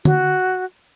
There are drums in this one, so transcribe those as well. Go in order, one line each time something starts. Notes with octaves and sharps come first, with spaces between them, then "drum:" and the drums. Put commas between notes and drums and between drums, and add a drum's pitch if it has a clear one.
F#4, drum: tom D3